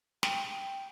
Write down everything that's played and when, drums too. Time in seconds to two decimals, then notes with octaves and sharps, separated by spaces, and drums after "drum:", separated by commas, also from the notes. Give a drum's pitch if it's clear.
0.23 G5, drum: snare